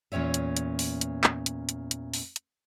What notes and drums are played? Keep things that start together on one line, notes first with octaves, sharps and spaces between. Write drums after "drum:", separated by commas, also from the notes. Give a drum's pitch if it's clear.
E2 A#2 C#4 C#5 E5
drum: hi-hat
drum: hi-hat
drum: open hi-hat
drum: hi-hat
drum: clap
drum: hi-hat
drum: hi-hat
drum: hi-hat
drum: open hi-hat
drum: hi-hat